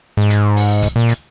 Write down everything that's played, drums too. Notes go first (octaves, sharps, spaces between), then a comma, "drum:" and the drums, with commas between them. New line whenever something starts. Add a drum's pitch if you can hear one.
G#2
drum: hi-hat
drum: open hi-hat
drum: kick, hi-hat
A#2
drum: hi-hat